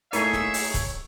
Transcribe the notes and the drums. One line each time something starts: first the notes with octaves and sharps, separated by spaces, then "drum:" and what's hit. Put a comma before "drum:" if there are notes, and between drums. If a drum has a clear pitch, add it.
A3 A#3 D#4 E4 G#4 C#5 E5, drum: hi-hat
drum: snare
drum: open hi-hat
drum: kick, hi-hat